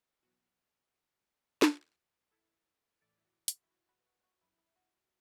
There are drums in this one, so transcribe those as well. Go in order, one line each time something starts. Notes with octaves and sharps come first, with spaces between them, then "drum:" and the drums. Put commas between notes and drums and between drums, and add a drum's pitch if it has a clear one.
E2 B2 F#3 F#4
E2 E3, drum: snare
E4 A4
A2 E3 A4 D5
E4
F#4
F#4, drum: hi-hat
E4
F#4
F#4 B4
F#4
F#4
F#2 F#3 E4
E4
F#4